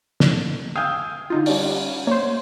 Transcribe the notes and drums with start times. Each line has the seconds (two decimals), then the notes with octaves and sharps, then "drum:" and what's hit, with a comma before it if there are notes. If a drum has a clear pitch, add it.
0.20 drum: snare
0.76 F5 G5 G#5 D#6 E6 G6
1.30 D3 D#4 F4
1.46 G3 C#4 D5, drum: open hi-hat
2.07 A#3 C5 C#5